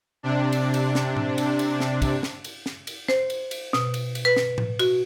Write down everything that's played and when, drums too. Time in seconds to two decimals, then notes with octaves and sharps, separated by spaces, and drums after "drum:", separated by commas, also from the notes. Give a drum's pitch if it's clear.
0.23 C3 D4
0.52 drum: cymbal
0.74 drum: cymbal
0.95 drum: snare
1.16 drum: tom A2
1.38 drum: cymbal
1.59 drum: cymbal
1.80 drum: snare
2.02 drum: kick, cymbal
2.23 drum: snare
2.44 drum: cymbal
2.66 drum: snare
2.87 drum: cymbal
3.08 C5, drum: snare
3.30 drum: cymbal
3.51 drum: cymbal
3.73 B2, drum: snare
3.94 drum: cymbal
4.15 drum: cymbal
4.25 B4
4.36 drum: snare
4.58 drum: tom A2
4.79 F#4, drum: cymbal